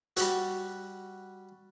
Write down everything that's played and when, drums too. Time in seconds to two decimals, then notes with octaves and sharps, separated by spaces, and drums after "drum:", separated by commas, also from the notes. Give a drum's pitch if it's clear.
0.17 G3 F#4, drum: hi-hat